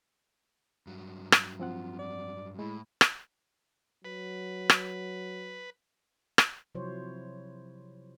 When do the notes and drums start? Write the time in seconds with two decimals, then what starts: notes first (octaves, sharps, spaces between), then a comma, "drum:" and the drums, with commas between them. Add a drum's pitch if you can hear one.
0.87 G2 F#3
1.32 drum: rim click
1.60 F3 C4 F4 F#5
1.99 D5
2.59 A2 G#3 E4
3.01 drum: rim click
4.05 F#3 B4
4.70 drum: rim click
6.38 drum: rim click
6.75 C3 F3 F#3 E4 C5 C#5